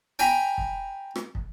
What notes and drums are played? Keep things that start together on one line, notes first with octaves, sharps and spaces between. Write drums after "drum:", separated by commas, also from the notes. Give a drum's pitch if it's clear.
G5 G#5 A#5 B5
drum: kick
drum: rim click
drum: kick